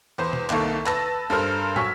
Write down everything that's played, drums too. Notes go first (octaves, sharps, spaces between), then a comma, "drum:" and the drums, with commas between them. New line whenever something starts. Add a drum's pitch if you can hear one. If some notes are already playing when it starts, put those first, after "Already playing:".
E2 B4 C5
drum: tom B2
C2 D#3 A#3 A4 C#6, drum: clap
B4 A5 E6 A#6, drum: clap
G2 A4 A#4 C5 F6
F#3 G#5 C#6 E6 B6, drum: tom